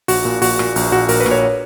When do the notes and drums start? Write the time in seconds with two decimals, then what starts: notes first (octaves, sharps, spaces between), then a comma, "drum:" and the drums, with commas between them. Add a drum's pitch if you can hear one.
0.08 A#1 F#4, drum: open hi-hat
0.25 A#2
0.42 A#1 F#4, drum: open hi-hat
0.59 A#2, drum: rim click
0.76 A#1, drum: open hi-hat
0.92 A#2 F#4
1.09 A#1 A#4, drum: open hi-hat
1.20 B4
1.26 A#2, drum: rim click
1.31 C#5